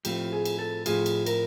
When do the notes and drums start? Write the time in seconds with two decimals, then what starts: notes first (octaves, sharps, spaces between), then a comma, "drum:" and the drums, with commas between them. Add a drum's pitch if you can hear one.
0.05 A2 F3 A3 C4 F4 G4, drum: cymbal
0.33 G#4
0.45 drum: cymbal
0.59 A4
0.86 A2 F3 A3 C4 F4 G#4, drum: cymbal
1.06 drum: cymbal
1.26 A#4, drum: cymbal